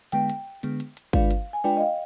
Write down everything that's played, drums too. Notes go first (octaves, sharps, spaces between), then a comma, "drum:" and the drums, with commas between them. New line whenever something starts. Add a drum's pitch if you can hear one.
D3 G#3 B3 G5, drum: hi-hat
drum: hi-hat
D3 G#3 B3, drum: hi-hat
drum: hi-hat
drum: hi-hat
G#3 D4 F4 B4 D5 F5, drum: kick G1
drum: hi-hat
G#5
G#3 D4 F4 B4 D5 G5
D#5
F5